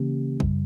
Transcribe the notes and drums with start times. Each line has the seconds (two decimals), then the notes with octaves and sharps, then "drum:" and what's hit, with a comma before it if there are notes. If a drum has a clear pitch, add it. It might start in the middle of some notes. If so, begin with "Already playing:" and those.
Already playing: C#3 E3 A#3 C#4 G4
0.40 F#2 C#3 G3, drum: kick A#1